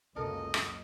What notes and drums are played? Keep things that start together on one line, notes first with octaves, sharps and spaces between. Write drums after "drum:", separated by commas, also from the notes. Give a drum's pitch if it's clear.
F#1 C#2 A4 A#4 D#5
drum: rim click